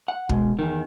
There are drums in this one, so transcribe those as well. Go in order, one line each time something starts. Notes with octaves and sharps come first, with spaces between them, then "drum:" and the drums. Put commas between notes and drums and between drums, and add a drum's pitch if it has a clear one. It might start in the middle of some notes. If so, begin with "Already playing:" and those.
F#5
B2 G#3, drum: kick
E2 D#3